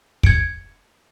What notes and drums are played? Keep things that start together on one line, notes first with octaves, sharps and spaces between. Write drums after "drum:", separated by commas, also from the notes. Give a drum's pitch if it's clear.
G#6 C#7 D7, drum: kick